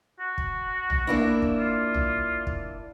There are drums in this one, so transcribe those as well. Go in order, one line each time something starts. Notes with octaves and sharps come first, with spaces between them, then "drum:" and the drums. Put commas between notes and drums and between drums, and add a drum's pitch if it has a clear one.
F#4
drum: kick
drum: tom A#1
A#3 D4 E4
drum: kick
F4
drum: tom A#1
drum: kick